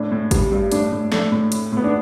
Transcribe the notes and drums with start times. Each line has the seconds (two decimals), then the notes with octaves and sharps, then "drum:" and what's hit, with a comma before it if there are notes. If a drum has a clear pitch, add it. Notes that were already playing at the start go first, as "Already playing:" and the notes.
Already playing: A2 D4
0.11 A2
0.31 G3, drum: kick G#1, hi-hat
0.52 G2
0.72 A2 D4, drum: hi-hat
0.92 A2
1.12 A3 D4, drum: snare
1.32 A2
1.52 A2, drum: hi-hat
1.72 A2 B3
1.84 D4